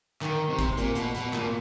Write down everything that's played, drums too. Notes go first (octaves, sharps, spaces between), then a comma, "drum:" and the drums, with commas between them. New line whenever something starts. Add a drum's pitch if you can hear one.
D#3, drum: clap
C3
drum: kick G#1, hi-hat
A#2, drum: hi-hat
B2, drum: hi-hat
B2, drum: hi-hat
A#2, drum: clap